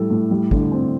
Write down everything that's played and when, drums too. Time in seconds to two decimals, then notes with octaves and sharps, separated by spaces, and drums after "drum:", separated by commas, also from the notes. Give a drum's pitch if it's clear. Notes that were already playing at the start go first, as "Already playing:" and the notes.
Already playing: A2 G3 A4
0.10 A2
0.31 G3
0.51 D3, drum: kick
0.72 C4